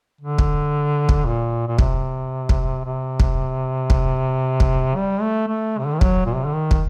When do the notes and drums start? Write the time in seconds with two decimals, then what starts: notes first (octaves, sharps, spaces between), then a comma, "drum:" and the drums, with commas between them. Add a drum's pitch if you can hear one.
0.21 D3
0.39 drum: kick
1.09 drum: kick
1.26 A#2
1.67 A#2
1.79 C3, drum: kick
2.49 drum: kick
2.84 C3
3.20 drum: kick
3.90 drum: kick
4.60 drum: kick
4.96 G3
5.22 A3
5.48 A3
5.78 C3
5.86 D3
5.93 D#3
6.01 F#3, drum: kick
6.26 A#2
6.35 C3
6.45 D3
6.53 D#3
6.71 drum: kick